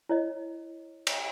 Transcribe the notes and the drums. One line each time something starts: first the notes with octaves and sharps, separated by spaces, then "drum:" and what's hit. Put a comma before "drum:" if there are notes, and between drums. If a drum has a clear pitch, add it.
E4 C#5 D#5
drum: cymbal